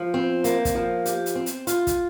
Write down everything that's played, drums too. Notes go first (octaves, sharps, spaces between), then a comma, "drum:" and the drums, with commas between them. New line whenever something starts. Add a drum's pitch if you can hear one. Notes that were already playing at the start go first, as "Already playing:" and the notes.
Already playing: F3
C4
A#3, drum: hi-hat
drum: kick, hi-hat
F3
G4, drum: hi-hat
drum: hi-hat
C4
drum: hi-hat
F4, drum: hi-hat
drum: kick, hi-hat